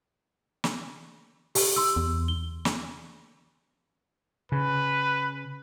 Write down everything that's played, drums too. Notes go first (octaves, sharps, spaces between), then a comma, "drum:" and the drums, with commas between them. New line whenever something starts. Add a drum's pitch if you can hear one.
drum: snare
G4, drum: open hi-hat
C6 E6
E2
G7
drum: snare
C#3 B4